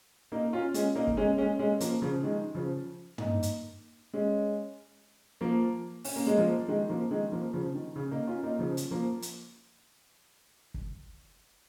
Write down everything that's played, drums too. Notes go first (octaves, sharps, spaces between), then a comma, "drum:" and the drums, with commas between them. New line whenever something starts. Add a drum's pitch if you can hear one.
A#3 D#4
C#4 F4
G#3 C#4, drum: hi-hat
A#3 D#4
drum: kick
G#3 C#4
G#3 C#4
G#3 C#4
F3 A#3, drum: hi-hat
C#3 F3
D#3 G#3
C#3 F3
A#3 D#4, drum: tom
drum: hi-hat
G#3 C#4
F3 A#3
C#4, drum: open hi-hat
A#3
G#3
F3 A#3
D#3 G#3
F3 A#3
D#3 G#3
F3 A#3
C#3 F3
D#3
C#3
A#3 D#4
C#4 F4
A#3 D#4
C#3 F3
drum: hi-hat
F3 A#3
drum: hi-hat
drum: kick